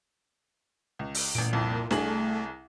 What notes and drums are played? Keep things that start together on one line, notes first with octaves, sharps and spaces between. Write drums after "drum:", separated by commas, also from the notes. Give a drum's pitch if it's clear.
C#2
drum: open hi-hat
A1 A#2 D7
C2 F2
C2 A3 G#4 F#7, drum: snare D4